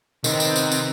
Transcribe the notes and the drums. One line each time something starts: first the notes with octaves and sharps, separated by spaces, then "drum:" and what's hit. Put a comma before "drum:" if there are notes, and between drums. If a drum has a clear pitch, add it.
C3 D#3 B3 C4, drum: tambourine
drum: tambourine
drum: tambourine
drum: tambourine